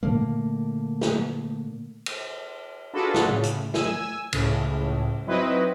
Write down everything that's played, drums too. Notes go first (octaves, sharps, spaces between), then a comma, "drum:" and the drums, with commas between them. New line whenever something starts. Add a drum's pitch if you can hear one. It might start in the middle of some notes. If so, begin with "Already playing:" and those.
A#2 D3 A3 A#3
drum: snare
drum: cymbal
D4 F4 F#4 G#4 A4 B4
drum: snare
A2 C#3
drum: hi-hat
G#5 E6, drum: snare
C#2 A2 C#3, drum: cymbal
F#3 C4 D#4 E4 B4 D#5